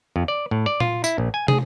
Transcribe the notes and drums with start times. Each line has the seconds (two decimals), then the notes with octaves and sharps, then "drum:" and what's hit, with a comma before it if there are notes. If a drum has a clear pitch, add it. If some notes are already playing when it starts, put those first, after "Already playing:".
0.16 F2
0.28 D5
0.51 A2
0.66 D5
0.80 F4, drum: tom A#2
1.04 E4, drum: tambourine
1.18 A#1
1.34 G#5
1.48 G#4, drum: tom